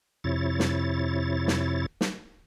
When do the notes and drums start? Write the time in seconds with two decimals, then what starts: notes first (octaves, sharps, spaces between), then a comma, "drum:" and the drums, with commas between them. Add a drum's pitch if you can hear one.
0.24 F2 C3 E4 C#5 A6
0.60 drum: snare
1.48 drum: snare
2.01 drum: snare